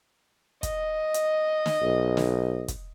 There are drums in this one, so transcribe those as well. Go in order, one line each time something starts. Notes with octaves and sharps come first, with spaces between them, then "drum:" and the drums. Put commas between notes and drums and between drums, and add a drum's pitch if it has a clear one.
D#5, drum: kick, hi-hat
drum: hi-hat
drum: snare
B1
drum: snare
drum: kick, hi-hat